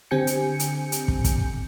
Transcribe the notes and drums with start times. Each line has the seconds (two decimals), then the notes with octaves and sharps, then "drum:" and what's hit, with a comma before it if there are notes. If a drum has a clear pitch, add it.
0.11 D3 C4 G4 G#5 G6 C#7
0.27 drum: hi-hat
0.60 drum: hi-hat
0.92 drum: hi-hat
1.08 drum: kick
1.24 drum: kick, hi-hat